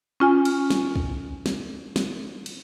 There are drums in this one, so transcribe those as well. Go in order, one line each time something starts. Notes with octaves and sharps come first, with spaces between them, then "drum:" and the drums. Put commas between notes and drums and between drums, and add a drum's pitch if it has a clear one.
C#4 F4 G#5
drum: cymbal
drum: snare
drum: kick
drum: snare
drum: snare
drum: cymbal